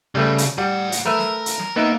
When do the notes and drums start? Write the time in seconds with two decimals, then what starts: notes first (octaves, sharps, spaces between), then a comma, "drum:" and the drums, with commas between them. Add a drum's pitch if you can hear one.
0.15 C#3 G3 A3 B4
0.38 drum: hi-hat
0.58 A2 G3 F#5
0.92 drum: hi-hat
1.06 A3 A#4 B4 E5, drum: snare
1.19 drum: snare
1.46 drum: hi-hat
1.59 drum: snare
1.76 A#3 B3 D#4 E5